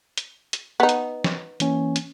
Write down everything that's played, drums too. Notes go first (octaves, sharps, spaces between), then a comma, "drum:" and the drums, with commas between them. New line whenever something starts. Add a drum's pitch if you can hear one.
drum: hi-hat
drum: hi-hat
B3 D#4
drum: hi-hat
drum: snare
E3 A#3 C#4, drum: hi-hat
drum: hi-hat